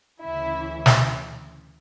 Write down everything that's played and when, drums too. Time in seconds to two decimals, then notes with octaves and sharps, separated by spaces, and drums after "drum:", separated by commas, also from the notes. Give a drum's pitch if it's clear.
0.22 D2 C#3 E3 E4 E5
0.86 drum: snare